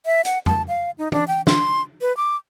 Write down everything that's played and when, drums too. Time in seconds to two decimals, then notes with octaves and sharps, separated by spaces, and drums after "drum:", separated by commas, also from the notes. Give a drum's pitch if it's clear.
0.06 E5
0.25 F#5, drum: hi-hat
0.46 A5, drum: tom F2
0.68 F5
0.98 D#4
1.12 D4, drum: tom
1.28 G5
1.47 C6, drum: snare
2.01 B4
2.17 D6